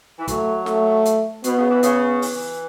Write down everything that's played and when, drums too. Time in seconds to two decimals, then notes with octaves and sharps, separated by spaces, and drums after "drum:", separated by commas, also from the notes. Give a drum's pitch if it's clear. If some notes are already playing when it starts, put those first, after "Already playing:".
0.19 E3
0.28 F#3 A3, drum: kick, hi-hat
0.66 A3, drum: snare
1.05 drum: hi-hat
1.44 B2 B3, drum: hi-hat
1.57 C#3
1.70 E3
1.83 C#3, drum: hi-hat
2.22 E3, drum: open hi-hat